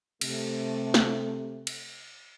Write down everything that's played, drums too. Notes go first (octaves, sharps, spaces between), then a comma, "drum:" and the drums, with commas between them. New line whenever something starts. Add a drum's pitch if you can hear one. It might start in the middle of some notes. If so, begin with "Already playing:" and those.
C3 A3, drum: cymbal
drum: snare
drum: cymbal